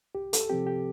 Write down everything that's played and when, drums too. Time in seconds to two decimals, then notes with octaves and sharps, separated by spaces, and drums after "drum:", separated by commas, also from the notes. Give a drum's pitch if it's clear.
0.15 C2 G4
0.33 A4, drum: hi-hat
0.49 C3 F3 C4 G4
0.67 G4